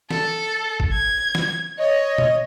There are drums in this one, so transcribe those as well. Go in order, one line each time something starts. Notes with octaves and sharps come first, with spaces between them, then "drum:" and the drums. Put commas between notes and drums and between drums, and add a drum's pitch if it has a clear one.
A4, drum: snare
drum: kick G1
G#6
drum: snare
C#5 D#5
drum: tom